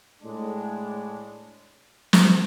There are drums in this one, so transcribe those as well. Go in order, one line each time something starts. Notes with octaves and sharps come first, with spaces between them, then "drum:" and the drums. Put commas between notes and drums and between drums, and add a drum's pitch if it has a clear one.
A2 G#3 D4
drum: snare